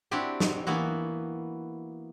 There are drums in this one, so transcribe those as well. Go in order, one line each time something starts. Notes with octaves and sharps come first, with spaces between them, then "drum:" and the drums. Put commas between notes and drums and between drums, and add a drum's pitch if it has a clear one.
C4 D4 E4 F#4 G4 D5
drum: snare
E3 A#3 B3 E4 F#4